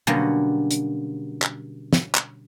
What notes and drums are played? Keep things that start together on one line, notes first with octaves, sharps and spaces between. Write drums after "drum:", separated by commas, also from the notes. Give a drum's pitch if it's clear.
B2 D3 F#3 G3 A#3 C#4
drum: hi-hat
drum: clap
drum: snare
drum: clap